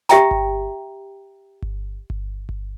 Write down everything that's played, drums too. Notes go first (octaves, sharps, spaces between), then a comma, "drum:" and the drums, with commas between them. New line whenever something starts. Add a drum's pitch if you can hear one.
G4 E5 G5 A#5, drum: snare
drum: kick G1
drum: kick G1
drum: kick G1
drum: kick G1